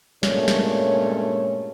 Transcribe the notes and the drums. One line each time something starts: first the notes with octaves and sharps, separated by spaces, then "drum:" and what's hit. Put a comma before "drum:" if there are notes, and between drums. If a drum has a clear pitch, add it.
G2 A#2 G#3 A3 C#4 C#5, drum: snare
drum: snare